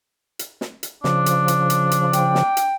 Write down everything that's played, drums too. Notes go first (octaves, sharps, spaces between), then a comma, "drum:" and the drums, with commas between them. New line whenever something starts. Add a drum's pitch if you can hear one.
drum: hi-hat
drum: snare
drum: hi-hat
C#3 F3 D4, drum: snare
drum: hi-hat
drum: hi-hat
drum: hi-hat
drum: hi-hat
G5, drum: hi-hat
drum: snare
drum: hi-hat